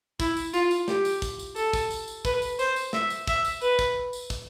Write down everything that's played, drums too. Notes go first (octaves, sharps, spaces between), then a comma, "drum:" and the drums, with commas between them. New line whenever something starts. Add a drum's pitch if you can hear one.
E4, drum: kick, tambourine
drum: tambourine
F4, drum: tambourine
drum: tambourine
G4, drum: snare
drum: tambourine
drum: kick, tambourine
drum: tambourine
A4, drum: tambourine
drum: kick, tambourine
drum: tambourine
drum: tambourine
B4, drum: kick, tambourine
drum: tambourine
C5, drum: tambourine
drum: tambourine
E5, drum: snare
drum: tambourine
E5, drum: kick, tambourine
drum: tambourine
B4, drum: tambourine
drum: kick, tambourine
drum: tambourine
drum: kick, tambourine